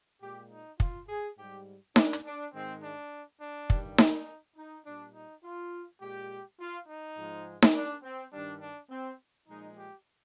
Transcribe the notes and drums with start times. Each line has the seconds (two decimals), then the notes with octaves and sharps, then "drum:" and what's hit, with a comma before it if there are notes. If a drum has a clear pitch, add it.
0.22 A#2 G#3 G4
0.52 D#4
0.80 F4, drum: kick
1.09 G#4
1.38 G#2 G3 G4
1.96 D4, drum: snare D#4
2.13 drum: hi-hat
2.25 D4
2.53 G#2 D#3 G#3 C4
2.83 D4
3.41 D4
3.70 G2 D#3 G3, drum: kick
3.98 D#4, drum: snare D#4
4.57 D#4
4.85 A#2 G3 D4
5.15 D#4
5.43 F4
6.01 A#2 G#3 G4
6.59 F4
6.88 D#4
7.16 G#2 F3 G#3
7.62 drum: snare D#4
7.74 D4
8.03 C4
8.33 G2 D#3 G3 D4
8.61 D4
8.90 C4
9.48 A#2 F3 G#3 D#4
9.77 G4